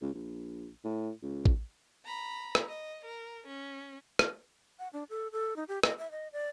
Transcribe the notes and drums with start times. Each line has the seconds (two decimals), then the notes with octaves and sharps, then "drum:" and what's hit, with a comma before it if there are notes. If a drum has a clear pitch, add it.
0.01 C#2
0.14 A#1
0.84 A2
1.23 C#2
1.46 drum: kick
2.05 A#5 B5
2.55 drum: rim click
2.68 D#5
3.05 A#4
3.47 C#4
4.19 drum: rim click
4.79 F#5
4.93 D4
5.10 A4
5.32 A4
5.56 D#4
5.68 G4
5.83 D#5, drum: rim click
5.98 E5
6.11 D#5
6.33 D5